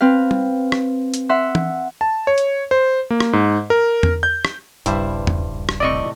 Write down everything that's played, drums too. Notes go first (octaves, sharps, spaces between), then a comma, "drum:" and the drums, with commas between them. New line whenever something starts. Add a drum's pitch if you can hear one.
C4 B4 F5
drum: tom G3
drum: rim click
drum: hi-hat
E5 F#5 C6
drum: tom E3
A5
C#5
drum: hi-hat
C5
A#3
drum: rim click
G#2
A#4
drum: tom E2
G6
drum: rim click
D#1 A#1 G2 C#3 G3 E4 B4 C5, drum: hi-hat
drum: tom E2
drum: rim click
A2 C3 E3 D5 D#5 C#6